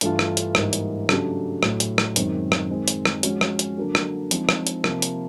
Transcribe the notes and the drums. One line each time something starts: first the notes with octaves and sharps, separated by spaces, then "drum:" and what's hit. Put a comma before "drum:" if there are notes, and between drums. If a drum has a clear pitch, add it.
G2 E3 A3 D4 F4, drum: hi-hat
drum: rim click
drum: hi-hat
G#2 E3 G3 A#3, drum: rim click
drum: hi-hat
C#3 F#3 A3 D4 G4, drum: rim click
A2 F#3 A3, drum: rim click
drum: hi-hat
drum: rim click
F#2 D#3 G#3 C4 D#4, drum: hi-hat
drum: rim click
D#3 G#3 C4
drum: hi-hat
drum: rim click
F3 G#3 C#4 F#4, drum: hi-hat
drum: rim click
drum: hi-hat
D3 F#3 A#3 D4
drum: rim click
F3 G#3 C4 D#4, drum: hi-hat
drum: rim click
drum: hi-hat
C3 F3 A#3, drum: rim click
drum: hi-hat